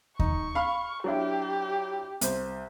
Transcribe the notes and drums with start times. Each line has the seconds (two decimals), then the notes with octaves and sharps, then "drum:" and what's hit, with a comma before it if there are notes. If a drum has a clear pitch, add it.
0.19 D#4 C#6, drum: kick D#2
0.55 F5 B5 F6
1.04 F#3 D4 E4 G4
2.21 C2 C5, drum: hi-hat